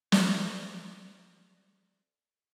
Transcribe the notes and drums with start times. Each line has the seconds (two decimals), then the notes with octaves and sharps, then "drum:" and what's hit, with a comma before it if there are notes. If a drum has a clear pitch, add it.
0.12 A3 D5, drum: snare